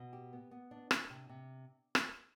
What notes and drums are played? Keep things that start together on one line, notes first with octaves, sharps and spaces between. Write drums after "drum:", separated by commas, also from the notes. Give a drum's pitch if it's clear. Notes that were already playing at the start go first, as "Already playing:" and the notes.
Already playing: B2
G4
B3
B3
D4
D4, drum: rim click
C3
C3
drum: rim click